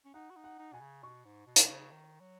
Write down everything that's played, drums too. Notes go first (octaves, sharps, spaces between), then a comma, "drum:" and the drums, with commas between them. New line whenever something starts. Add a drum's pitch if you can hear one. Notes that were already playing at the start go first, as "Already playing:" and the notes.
C#4
D#4 F#5
F#4
D#4
F#5
D#4
B2 G#5
C#3
B2 C#6
G#2
B2
drum: hi-hat
C#3
D#3
F#3